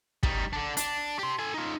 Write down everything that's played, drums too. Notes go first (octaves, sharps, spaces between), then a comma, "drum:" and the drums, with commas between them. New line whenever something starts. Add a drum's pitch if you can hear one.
G3 D#4, drum: kick
D3 D4
D4, drum: hi-hat
G4 C6
A4 G#5
D#4 F4